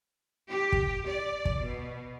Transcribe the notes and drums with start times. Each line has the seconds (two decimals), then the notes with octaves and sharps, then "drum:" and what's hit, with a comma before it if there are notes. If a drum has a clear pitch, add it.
0.48 G4
0.72 drum: kick
1.06 D5
1.45 drum: kick
1.61 B2